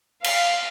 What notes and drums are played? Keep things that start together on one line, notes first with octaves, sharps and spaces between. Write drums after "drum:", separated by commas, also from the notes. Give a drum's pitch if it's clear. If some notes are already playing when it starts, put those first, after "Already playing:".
F5, drum: cymbal